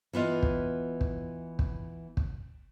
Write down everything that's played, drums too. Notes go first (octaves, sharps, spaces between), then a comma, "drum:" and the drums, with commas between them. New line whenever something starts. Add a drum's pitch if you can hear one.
E3 B3 F4 D#5
drum: kick
drum: kick
drum: kick
drum: kick